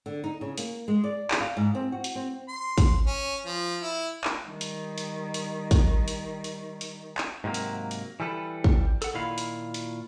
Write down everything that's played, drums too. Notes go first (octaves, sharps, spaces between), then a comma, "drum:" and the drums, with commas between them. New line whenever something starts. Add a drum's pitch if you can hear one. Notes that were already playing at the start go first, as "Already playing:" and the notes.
D3
D#4
C#3
A#3, drum: hi-hat
G#3
D5
drum: clap
F5
G#2
C4
F#4
drum: hi-hat
C4
C6
drum: kick, hi-hat
C#4
F3
E4
drum: clap
D#3 G3
drum: hi-hat
drum: hi-hat
drum: hi-hat
drum: kick, hi-hat
drum: hi-hat
drum: hi-hat
drum: hi-hat
drum: clap
G#2 C3 F#3 A#3
drum: hi-hat
drum: hi-hat
E3 G3 A4 B4
drum: kick
A4 F#5, drum: hi-hat
A#2 D#3 E4 F4 F5 B5
drum: hi-hat
drum: hi-hat